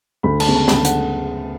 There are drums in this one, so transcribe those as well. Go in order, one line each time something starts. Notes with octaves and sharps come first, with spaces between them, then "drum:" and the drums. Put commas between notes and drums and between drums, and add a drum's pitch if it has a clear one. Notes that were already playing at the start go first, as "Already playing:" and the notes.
D2 B5
A5, drum: cymbal
C#3 G#3 B3
A5
B5, drum: snare
D2 A5
F#5, drum: hi-hat